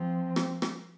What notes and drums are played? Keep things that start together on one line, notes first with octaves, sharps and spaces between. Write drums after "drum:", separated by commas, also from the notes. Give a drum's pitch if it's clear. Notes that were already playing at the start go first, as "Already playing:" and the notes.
Already playing: F3 C4
drum: rim click
drum: rim click